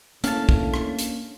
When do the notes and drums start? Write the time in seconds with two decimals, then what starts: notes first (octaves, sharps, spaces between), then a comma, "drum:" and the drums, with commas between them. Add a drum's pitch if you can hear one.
0.24 A2 A#3 C#4 D4 F5 A5, drum: hi-hat
0.49 drum: kick
0.74 drum: rim click
0.99 drum: hi-hat